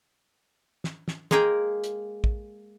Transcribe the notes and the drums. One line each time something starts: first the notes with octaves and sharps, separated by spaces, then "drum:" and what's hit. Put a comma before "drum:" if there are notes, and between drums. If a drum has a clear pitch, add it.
drum: snare
drum: snare
G#3 A#3 G#4 A#4 G5, drum: snare
drum: hi-hat
drum: kick